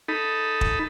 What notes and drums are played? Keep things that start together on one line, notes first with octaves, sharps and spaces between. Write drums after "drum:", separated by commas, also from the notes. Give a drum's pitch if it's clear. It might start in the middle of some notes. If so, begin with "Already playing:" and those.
D#4 A4 B5
drum: kick